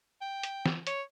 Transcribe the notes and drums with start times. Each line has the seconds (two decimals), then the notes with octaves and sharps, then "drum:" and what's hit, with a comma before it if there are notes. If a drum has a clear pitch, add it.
0.21 G5
0.43 drum: hi-hat
0.66 drum: snare
0.87 C#5, drum: hi-hat